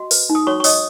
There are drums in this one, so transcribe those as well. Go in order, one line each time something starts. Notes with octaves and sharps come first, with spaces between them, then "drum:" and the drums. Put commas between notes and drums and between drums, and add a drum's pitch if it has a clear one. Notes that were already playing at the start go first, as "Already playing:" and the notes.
Already playing: F#4 D#5
B4, drum: open hi-hat
D#4
D#6
F#4 C#5 C#6
C#6
C#5 D#5 D#6, drum: open hi-hat